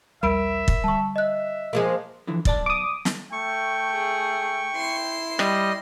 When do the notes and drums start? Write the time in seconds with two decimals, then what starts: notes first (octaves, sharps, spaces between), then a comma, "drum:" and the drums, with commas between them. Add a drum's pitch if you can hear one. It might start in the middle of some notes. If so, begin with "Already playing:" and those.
0.23 A#1 D#2 G3 A#4 E5 B5 D7
0.68 drum: kick
0.84 D3 G3 A5 C#6
1.16 D#5 E5 F#6
1.73 F3 G#3 A#3
2.27 D3 E3 F3
2.45 B1 D5 A5, drum: kick
2.66 D6 D#6
3.05 drum: snare
3.32 A3 G5 C#6
3.91 G#4
4.74 E4 C6
5.39 G3 D#5, drum: rim click